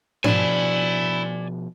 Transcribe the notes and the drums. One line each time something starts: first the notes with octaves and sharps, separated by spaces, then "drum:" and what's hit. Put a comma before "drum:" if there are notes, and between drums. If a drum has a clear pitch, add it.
B2 F3 D4 E4 D5 G#5, drum: tom G#2